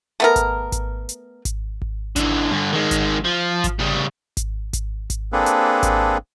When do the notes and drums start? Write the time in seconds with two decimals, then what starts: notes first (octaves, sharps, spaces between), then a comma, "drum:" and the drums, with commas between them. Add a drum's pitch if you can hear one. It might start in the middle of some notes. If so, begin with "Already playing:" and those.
0.20 A3 B3 A#4
0.36 drum: kick G#1, hi-hat
0.72 drum: kick G#1, hi-hat
1.09 drum: hi-hat
1.45 drum: kick G#1, hi-hat
1.82 drum: kick G#1
2.16 D3 E3, drum: kick G#1, hi-hat
2.51 G2 D3
2.73 D#3 G#3
2.91 drum: kick G#1, hi-hat
3.24 F3
3.64 drum: kick G#1, hi-hat
3.79 C#3 G3
4.37 drum: kick G#1, hi-hat
4.73 drum: kick G#1, hi-hat
5.10 drum: kick G#1, hi-hat
5.33 A#3 C4 D4 G#4 A4 B4
5.46 drum: hi-hat
5.83 drum: kick G#1, hi-hat